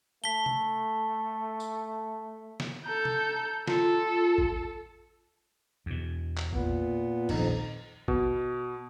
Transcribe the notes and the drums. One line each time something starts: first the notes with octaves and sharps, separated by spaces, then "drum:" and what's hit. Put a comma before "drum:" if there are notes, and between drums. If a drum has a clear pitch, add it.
A3 A5 B6 G7
drum: tom
drum: tambourine
drum: snare
A4 A#5 G6
drum: tom
F4 A4, drum: snare
drum: kick
E2 B2
drum: clap
A#2 B3, drum: kick
D#1 A#1 F2 D#4, drum: cymbal
B2, drum: kick